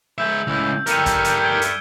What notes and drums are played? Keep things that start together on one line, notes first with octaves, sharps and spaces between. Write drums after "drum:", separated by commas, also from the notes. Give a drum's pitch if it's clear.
G#3 B4 C#5 E5 E6 G6
C#2 A2 E3
G2 G4 A4 A#4 E5 F6 C#7 D#7, drum: hi-hat
drum: kick, hi-hat
drum: hi-hat
G#6 D7 G7
drum: hi-hat